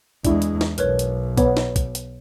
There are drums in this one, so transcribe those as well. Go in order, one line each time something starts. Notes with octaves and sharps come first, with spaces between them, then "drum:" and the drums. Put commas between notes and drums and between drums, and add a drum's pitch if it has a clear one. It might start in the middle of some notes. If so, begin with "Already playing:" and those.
E2 G#3 D4 E4, drum: kick, hi-hat
drum: hi-hat
drum: snare
B1 A#4 B4 C#5, drum: hi-hat
drum: hi-hat
B3 C#5, drum: kick, hi-hat
drum: snare
drum: kick, hi-hat
drum: hi-hat